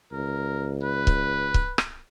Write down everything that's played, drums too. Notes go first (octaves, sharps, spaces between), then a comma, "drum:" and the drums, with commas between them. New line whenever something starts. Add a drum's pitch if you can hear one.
C#2 A#4
B4
drum: kick C#1
drum: kick C#1
drum: rim click